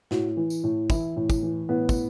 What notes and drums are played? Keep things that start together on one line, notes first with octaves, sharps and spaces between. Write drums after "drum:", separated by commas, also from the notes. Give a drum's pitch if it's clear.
A2 F#4, drum: snare
E3
drum: tambourine
A2
E3 E4, drum: kick, tambourine
A2
drum: kick, tambourine
E3
A2 B3
drum: kick, tambourine